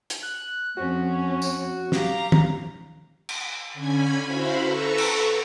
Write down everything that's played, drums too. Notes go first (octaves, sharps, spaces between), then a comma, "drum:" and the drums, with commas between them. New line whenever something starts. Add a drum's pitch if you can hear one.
drum: hi-hat
F#6
F2 C#4 F#4
drum: tambourine
G4 F5 A#5, drum: snare
drum: tom
drum: cymbal
D3 C#4 G#5 B5 G#6
E4 F#4 C5 F5 B5
A4 B4 A#5 C#6 E6
drum: cymbal